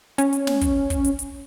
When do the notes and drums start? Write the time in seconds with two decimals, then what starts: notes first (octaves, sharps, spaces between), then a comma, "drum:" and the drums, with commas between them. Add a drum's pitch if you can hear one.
0.18 C#4, drum: hi-hat
0.33 drum: hi-hat
0.47 drum: snare
0.61 drum: kick, hi-hat
0.90 drum: kick, hi-hat
1.04 drum: hi-hat
1.19 drum: hi-hat